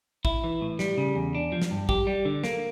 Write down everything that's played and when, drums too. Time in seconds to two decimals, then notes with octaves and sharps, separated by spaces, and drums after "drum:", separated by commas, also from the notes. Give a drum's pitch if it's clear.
0.25 E4, drum: kick
0.44 E3
0.62 A2
0.79 G3, drum: snare
0.98 C#3
1.15 E2
1.35 D4
1.52 F3
1.62 drum: snare
1.71 G2
1.89 G4, drum: kick
2.07 G3
2.25 D3
2.44 A#3, drum: snare